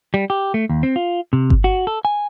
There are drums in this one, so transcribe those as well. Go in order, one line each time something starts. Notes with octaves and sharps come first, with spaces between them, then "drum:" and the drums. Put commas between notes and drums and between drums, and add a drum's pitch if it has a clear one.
G3
G4
A3
D#2
C4
F4
C3
drum: kick G1
F#4
A4
G#5